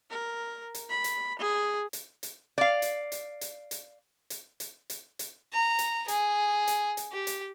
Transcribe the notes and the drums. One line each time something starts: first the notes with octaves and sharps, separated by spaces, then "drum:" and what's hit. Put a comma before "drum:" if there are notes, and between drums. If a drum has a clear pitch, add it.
A#4
drum: hi-hat
B5
drum: hi-hat
G#4
drum: hi-hat
drum: hi-hat
D5 F5
drum: hi-hat
drum: hi-hat
drum: hi-hat
drum: hi-hat
drum: hi-hat
drum: hi-hat
drum: hi-hat
drum: hi-hat
A#5
drum: hi-hat
G#4, drum: hi-hat
drum: hi-hat
drum: hi-hat
G4
drum: hi-hat